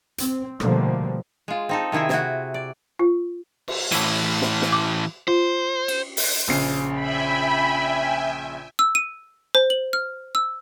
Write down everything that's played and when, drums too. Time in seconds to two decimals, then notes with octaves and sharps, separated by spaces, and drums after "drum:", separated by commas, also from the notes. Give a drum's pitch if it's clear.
0.18 C4, drum: hi-hat
0.60 B2 D3 F3 G3 A3 A#3, drum: rim click
1.48 G#3 F4
1.69 C4 D#4 A4
1.92 C3 D#3 E4 G#4 E5
2.09 C3 E4 F#4, drum: snare
2.54 D5
2.99 F4
3.68 drum: cymbal
3.92 A2 E3, drum: hi-hat
4.42 drum: snare
4.62 drum: snare
4.72 D6
5.28 F4 C5
5.88 drum: cymbal
6.17 drum: open hi-hat
6.48 A#1 C#3 C7
6.99 E5 G5 G#5 B5
8.79 E6
8.95 D#7
9.55 C5
9.70 F#7
9.93 F6
10.35 E6